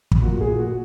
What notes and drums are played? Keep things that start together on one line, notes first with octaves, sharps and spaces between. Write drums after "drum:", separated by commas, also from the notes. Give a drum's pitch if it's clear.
drum: kick
A#2 F#4
G#4
A#2
F#4